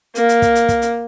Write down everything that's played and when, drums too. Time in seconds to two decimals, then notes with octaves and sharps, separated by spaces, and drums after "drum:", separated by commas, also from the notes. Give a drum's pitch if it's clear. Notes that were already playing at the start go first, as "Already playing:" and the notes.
0.15 A#3, drum: hi-hat
0.29 drum: hi-hat
0.42 drum: kick, hi-hat
0.55 drum: hi-hat
0.68 drum: kick, hi-hat
0.82 drum: hi-hat